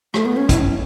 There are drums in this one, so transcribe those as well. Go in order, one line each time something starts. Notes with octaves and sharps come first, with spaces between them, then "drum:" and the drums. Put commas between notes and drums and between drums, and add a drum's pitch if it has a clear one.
A3, drum: rim click
B3
C#4
E4, drum: kick, hi-hat
C#4